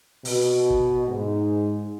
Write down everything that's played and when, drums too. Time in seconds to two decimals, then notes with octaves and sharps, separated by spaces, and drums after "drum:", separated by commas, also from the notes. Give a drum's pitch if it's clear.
0.25 B2, drum: open hi-hat
0.70 drum: kick
1.08 G#2